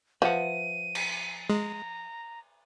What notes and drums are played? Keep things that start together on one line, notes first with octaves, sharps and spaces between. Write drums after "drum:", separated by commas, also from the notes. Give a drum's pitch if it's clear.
F3 B4 E5 F#5 D#7
drum: cymbal
G#3 A#5